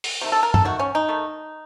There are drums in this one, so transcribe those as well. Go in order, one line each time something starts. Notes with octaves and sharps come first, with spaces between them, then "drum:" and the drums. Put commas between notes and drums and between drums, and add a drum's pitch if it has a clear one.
drum: open hi-hat
C3 D#3 A3
A4
A#4
A4, drum: tom G2
D#3 A3 F#4
C#4
D#4
D#3 A3